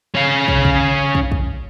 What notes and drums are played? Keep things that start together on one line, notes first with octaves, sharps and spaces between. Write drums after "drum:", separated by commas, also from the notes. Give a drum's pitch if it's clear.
C#4 F5
drum: kick
drum: kick
drum: kick
drum: kick